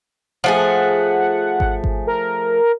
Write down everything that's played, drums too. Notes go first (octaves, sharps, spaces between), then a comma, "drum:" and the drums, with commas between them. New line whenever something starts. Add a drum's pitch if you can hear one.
F3 A3 G#4 F#5
drum: kick G#1
drum: kick G#1
A#4